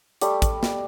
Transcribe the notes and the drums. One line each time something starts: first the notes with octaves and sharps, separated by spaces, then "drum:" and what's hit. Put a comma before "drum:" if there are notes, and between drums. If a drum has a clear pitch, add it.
G3 A3 G4, drum: hi-hat
drum: kick, hi-hat
drum: snare